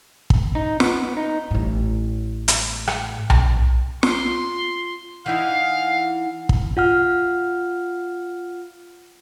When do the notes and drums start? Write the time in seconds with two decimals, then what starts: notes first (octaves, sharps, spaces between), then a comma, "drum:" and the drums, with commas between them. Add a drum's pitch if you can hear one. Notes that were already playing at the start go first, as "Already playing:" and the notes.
0.30 drum: kick
0.55 D#4
0.80 B3, drum: snare
1.17 D#4
1.51 A1 A2
2.48 drum: hi-hat
2.87 drum: rim click
3.30 drum: tom B1
4.03 F4 C6, drum: snare
5.26 E3 D#4 E4 F5 F#5
6.49 drum: kick
6.77 F4 F#5 F6